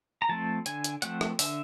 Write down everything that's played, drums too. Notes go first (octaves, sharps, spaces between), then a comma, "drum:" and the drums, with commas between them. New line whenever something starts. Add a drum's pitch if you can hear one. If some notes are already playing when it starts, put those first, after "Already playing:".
A#5
F3 A3 C4 A5
D3 G#5, drum: hi-hat
drum: hi-hat
F3 A3 C4 F#5, drum: hi-hat
drum: rim click
D3 E5, drum: open hi-hat